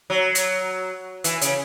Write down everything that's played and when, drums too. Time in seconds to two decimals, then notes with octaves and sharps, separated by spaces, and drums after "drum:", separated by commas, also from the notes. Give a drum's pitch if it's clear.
0.10 F#3
0.35 drum: hi-hat
1.24 E3, drum: hi-hat
1.41 C#3, drum: hi-hat